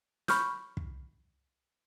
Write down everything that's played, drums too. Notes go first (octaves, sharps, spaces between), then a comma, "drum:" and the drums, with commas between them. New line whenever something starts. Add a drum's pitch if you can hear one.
B5 C#6 F6 G6, drum: snare
drum: kick